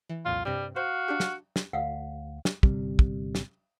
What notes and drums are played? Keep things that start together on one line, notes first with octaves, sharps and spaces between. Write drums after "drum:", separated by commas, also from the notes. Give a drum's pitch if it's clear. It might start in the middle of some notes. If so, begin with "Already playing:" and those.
E3
C2 F2 A#2 F4
G2 C3 G3
F#4 C5 F5
D4 G4
drum: snare
drum: snare
D2 F5 F#5
drum: snare
G1 C3 G3, drum: kick
drum: kick
drum: snare